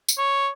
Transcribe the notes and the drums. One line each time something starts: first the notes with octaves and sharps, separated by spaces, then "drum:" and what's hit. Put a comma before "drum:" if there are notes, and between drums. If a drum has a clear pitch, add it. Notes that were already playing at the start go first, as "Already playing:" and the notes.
drum: tambourine
C#5